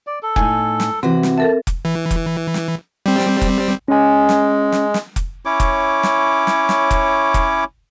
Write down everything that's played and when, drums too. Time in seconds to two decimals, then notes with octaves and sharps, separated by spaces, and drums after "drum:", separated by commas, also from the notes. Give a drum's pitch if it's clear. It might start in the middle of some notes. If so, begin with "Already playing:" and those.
0.07 D5
0.23 A4
0.36 A2 D#4 G#5, drum: kick F1
0.80 drum: snare
1.03 C3 E3 C4 F#4
1.23 drum: snare
1.38 A4 A#4 E5 A5
1.67 drum: kick F1, hi-hat
1.85 E3
2.11 drum: kick F1, hi-hat
2.54 drum: snare
3.06 G3 C4
3.20 drum: snare
3.41 drum: kick F1, hi-hat
3.88 G#3 C#4 G#5
4.29 drum: snare
4.72 drum: snare
4.94 drum: snare
5.16 drum: kick F1, hi-hat
5.45 C#4 E4 C#5 D6
5.60 drum: kick F1, hi-hat
6.03 drum: snare
6.47 drum: snare
6.69 drum: snare
6.91 drum: kick F1, hi-hat
7.34 drum: kick F1, hi-hat